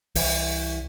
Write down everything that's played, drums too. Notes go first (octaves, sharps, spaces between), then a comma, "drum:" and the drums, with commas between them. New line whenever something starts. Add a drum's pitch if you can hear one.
C2 E3, drum: open hi-hat